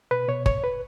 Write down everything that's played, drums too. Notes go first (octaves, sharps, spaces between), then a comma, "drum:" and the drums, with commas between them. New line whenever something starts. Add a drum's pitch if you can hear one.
B2 B4
B2 C#5
C#2 C#5, drum: kick
B4